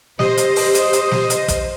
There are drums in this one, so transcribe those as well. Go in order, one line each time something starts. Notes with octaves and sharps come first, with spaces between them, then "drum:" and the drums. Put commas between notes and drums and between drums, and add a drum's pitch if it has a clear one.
G4 C5 D#5, drum: snare
drum: hi-hat
drum: open hi-hat
drum: hi-hat
drum: hi-hat
drum: snare
drum: hi-hat
drum: kick, hi-hat